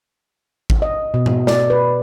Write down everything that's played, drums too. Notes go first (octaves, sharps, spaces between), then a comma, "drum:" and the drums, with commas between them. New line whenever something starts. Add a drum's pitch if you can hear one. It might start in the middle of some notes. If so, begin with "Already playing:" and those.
drum: kick G#1
D#5
B2
drum: tom G#2
D5, drum: snare
B4